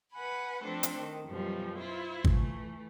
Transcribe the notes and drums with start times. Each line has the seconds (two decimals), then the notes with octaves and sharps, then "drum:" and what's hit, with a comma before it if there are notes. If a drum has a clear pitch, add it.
0.13 B4 F#5 G#5 B5
0.63 F3 A3 C4 D4 A4
0.83 drum: hi-hat
0.98 D#3
1.27 F#2 B2 F3 G3
1.77 E4 F4 C5
2.24 E3 A3, drum: kick